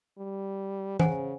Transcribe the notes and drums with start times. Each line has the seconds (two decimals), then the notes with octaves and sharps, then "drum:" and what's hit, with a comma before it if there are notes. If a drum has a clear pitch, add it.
0.18 G3
1.00 C#3 C5 F#5 G#5, drum: tom E3